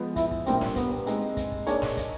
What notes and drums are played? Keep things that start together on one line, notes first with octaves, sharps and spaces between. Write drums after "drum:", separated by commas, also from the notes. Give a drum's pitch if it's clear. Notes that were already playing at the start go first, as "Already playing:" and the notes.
Already playing: F3 G#3 B3
E4, drum: kick, hi-hat
drum: kick
A#2 G3 A#3 C4 D4 G4, drum: hi-hat
drum: snare
B3, drum: kick, hi-hat
G#3 C4 D#4, drum: hi-hat
drum: kick, hi-hat
drum: kick
A#3 D4 D#4 G#4 C#5, drum: hi-hat
drum: snare
drum: kick, hi-hat